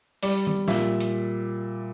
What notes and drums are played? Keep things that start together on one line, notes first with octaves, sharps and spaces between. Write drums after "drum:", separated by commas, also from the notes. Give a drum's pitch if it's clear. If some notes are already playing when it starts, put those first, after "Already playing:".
G3 D5, drum: open hi-hat
drum: tom D#3
A#2 E5, drum: snare
drum: hi-hat